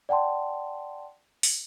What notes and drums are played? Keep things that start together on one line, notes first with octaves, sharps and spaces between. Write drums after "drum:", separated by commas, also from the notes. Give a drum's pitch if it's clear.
D5 F#5 G5 A5 C6
drum: open hi-hat